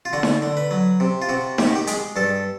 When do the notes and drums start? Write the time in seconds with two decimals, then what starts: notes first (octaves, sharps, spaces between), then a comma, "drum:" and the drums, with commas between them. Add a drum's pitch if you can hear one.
0.05 F4
0.13 D3 F#4
0.23 drum: snare D#4
0.42 D3
0.57 B4
0.71 F#3
1.00 C3
1.22 F4
1.29 C3 F#4
1.58 D#3 G4, drum: snare D#4
1.67 F#4
1.75 G4
1.87 G#3 G#4, drum: hi-hat
2.16 G2 A4